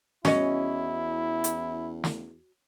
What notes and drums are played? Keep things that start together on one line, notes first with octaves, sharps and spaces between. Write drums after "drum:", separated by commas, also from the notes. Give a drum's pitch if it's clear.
E2 C#4 E4 F#4 D#5, drum: snare
drum: hi-hat
drum: snare